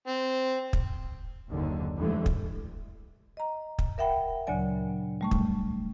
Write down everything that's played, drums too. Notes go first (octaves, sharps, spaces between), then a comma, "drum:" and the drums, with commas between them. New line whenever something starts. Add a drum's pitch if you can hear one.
C4
drum: kick
F#1 D#2 D3
C2 F2 D3 E3 G#3 A3
drum: kick
D#5 A#5
drum: kick
A#4 E5 F#5 G5 B5
D2 A#2 C#3 F#3 D5 G#5
G3 A3 C#6
drum: kick